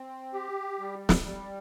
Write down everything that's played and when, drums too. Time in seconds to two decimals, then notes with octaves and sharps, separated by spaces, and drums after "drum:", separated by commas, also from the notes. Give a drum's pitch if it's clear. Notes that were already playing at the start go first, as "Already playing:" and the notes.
Already playing: C4
0.34 G4
0.79 G3
1.09 drum: snare
1.23 G3